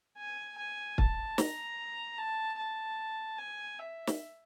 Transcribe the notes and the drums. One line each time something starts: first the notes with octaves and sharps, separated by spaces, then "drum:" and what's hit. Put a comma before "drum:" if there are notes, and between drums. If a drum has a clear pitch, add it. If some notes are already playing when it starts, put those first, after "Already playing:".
G#5
G#5
A5, drum: kick
A#5, drum: snare
A5
A5
G#5
E5
drum: snare